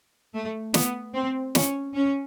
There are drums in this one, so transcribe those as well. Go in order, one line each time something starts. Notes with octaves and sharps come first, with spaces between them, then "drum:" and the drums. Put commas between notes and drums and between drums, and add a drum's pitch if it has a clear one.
A3
B3, drum: snare
C4
C#4, drum: snare
C#4